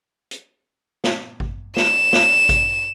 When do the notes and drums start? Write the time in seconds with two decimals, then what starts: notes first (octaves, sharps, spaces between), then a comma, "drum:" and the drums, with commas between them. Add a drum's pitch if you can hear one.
0.31 drum: hi-hat
1.04 drum: snare
1.40 drum: kick G#1
1.76 E7, drum: snare
2.13 drum: snare
2.49 drum: kick G#1, hi-hat